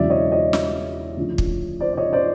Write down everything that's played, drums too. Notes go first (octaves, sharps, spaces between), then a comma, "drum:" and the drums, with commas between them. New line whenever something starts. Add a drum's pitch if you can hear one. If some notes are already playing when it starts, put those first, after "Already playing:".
Already playing: E1 E2 C#3 F#3 D5 E5
C#5 D#5
C#5 D#5
drum: snare
D2 C#3 F3
drum: kick
C5 D5
D5
C#5 D#5
C5 D5